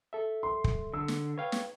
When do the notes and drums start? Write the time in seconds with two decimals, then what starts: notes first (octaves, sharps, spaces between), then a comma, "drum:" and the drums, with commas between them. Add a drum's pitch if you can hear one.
0.13 A4 E5
0.43 C6
0.64 drum: kick
0.94 D3 E6
1.08 drum: snare
1.38 B4 C#5 F5 G5
1.52 drum: snare